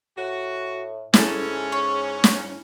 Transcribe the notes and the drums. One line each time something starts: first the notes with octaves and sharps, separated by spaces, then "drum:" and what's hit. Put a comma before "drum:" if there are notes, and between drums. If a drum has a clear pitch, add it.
A2 F#4
G#2 C#4 E4 G#4 A4, drum: snare
C#5
drum: snare